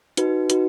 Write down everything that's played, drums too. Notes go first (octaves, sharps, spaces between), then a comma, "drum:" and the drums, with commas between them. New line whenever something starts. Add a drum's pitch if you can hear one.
D#4 F#4 B4, drum: hi-hat
D#4 F#4 B4, drum: hi-hat